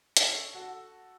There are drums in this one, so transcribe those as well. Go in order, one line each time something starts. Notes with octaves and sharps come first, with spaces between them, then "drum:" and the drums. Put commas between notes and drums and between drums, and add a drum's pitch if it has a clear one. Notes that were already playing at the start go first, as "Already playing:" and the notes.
A4 C#5, drum: hi-hat
F#4 A4